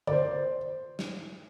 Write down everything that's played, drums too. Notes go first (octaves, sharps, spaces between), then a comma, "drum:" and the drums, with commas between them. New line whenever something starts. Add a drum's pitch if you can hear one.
D5, drum: tom D3
C5
drum: snare